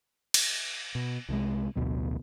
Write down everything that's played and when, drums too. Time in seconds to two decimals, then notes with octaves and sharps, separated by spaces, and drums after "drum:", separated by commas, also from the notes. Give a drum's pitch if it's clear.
0.34 drum: cymbal
0.95 B2
1.29 C2 C3 E3 G#3
1.76 A1 D2 B2 F#3